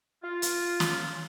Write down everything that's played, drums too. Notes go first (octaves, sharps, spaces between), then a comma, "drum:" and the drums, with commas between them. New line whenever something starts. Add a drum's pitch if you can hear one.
F4
drum: hi-hat
drum: snare